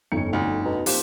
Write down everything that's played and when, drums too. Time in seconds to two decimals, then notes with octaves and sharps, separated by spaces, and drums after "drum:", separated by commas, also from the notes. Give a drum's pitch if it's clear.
0.12 G1 F2 C#4 D#4 C#7
0.33 D2
0.65 B2 A#5
0.86 F3 A#3 C4 G4, drum: open hi-hat